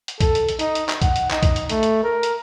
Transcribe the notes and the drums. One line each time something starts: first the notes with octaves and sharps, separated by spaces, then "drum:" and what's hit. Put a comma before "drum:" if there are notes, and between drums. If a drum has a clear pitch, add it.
drum: hi-hat
A4, drum: kick, hi-hat
drum: hi-hat
drum: hi-hat
D#4, drum: hi-hat
drum: hi-hat
drum: clap
F#5, drum: kick, hi-hat
drum: hi-hat
D#4, drum: clap
drum: kick, hi-hat
drum: hi-hat
A3, drum: hi-hat
drum: hi-hat
A#4
drum: hi-hat